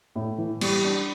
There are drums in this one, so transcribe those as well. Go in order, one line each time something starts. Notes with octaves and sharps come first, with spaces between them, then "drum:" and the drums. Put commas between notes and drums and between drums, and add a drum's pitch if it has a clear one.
A2
E3
G3, drum: cymbal
D4